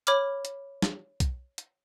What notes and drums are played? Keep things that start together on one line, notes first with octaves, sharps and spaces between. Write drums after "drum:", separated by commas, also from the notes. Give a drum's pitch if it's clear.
C#5 B5 D6 F6, drum: hi-hat
drum: hi-hat
drum: snare
drum: kick B1, hi-hat
drum: hi-hat